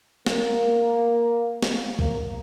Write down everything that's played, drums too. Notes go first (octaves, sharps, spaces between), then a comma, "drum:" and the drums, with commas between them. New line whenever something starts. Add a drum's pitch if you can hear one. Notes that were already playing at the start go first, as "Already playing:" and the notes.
A#3, drum: snare
drum: snare
A#3, drum: kick C2